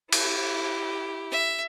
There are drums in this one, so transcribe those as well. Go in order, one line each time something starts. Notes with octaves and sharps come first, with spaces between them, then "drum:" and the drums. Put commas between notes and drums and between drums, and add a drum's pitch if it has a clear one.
E4 G4, drum: cymbal
E5